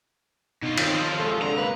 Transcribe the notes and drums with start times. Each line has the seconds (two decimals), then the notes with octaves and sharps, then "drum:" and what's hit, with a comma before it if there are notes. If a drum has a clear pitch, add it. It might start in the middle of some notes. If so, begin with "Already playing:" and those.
0.62 B2 D#4 F4
0.78 D#3 C4 F4 C5, drum: cymbal
0.94 F3
1.19 C3 G#3 A4
1.42 D3 A#5
1.58 A#3 B4